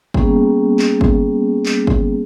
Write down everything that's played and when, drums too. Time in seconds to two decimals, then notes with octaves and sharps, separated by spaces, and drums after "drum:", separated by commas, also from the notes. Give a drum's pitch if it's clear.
0.14 G3 A#3 B3 C#4 G#4, drum: kick
0.79 drum: clap
1.01 drum: kick
1.66 drum: clap
1.87 drum: kick